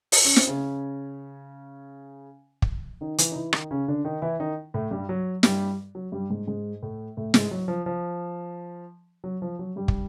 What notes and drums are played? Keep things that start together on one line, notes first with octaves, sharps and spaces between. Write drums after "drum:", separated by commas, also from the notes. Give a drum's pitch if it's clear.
drum: open hi-hat
C#4
C4, drum: snare
C#3 C#4
drum: kick
D#3 D#4
E3 E4, drum: hi-hat
D#4
E3 E4
D#3 D#4, drum: rim click
C#3 C#4
D3 D4
D#3 D#4
E3 E4
D#3 D#4
A2 A3
G2 G3
F#3
G2 G3, drum: snare
F#3
G2 G3
G#2 G#3
G#2 G#3
A2 A3
A2 A3
G#2 G#3, drum: snare
F#3
F3
F3
F#3
F3
F#3
G2 G3
drum: kick